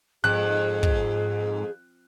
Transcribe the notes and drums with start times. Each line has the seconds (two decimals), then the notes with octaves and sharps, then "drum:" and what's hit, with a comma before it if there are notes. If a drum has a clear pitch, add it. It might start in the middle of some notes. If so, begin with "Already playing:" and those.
0.24 F2 G#2 G#4 F#6
0.83 drum: kick